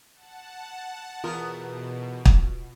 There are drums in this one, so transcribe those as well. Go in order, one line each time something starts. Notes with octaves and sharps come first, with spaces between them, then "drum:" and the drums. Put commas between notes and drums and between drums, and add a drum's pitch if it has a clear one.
F#5 A5
E2 B2 B3 F4 A#4
drum: kick